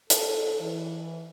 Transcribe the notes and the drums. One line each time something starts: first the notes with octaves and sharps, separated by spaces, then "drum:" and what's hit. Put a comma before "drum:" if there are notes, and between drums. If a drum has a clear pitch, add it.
A4, drum: hi-hat
E3